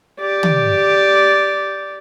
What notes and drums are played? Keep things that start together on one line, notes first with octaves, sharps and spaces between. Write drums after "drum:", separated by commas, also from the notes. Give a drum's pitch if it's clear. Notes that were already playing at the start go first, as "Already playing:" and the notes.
G4 D5
drum: tom